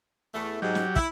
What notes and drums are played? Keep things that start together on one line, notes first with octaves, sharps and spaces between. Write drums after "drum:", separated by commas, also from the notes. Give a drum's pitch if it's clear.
E2 A3
G#2 F#3 G4
drum: snare
E4, drum: kick